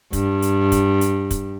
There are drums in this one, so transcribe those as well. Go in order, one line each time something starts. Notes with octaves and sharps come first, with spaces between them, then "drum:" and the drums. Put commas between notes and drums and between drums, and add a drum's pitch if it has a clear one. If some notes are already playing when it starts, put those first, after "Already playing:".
G2, drum: kick, hi-hat
drum: hi-hat
drum: kick, hi-hat
drum: hi-hat
drum: kick, hi-hat